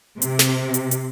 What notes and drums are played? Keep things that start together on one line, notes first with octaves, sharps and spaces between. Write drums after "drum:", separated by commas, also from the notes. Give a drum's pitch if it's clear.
C3, drum: hi-hat
drum: snare
drum: hi-hat
drum: hi-hat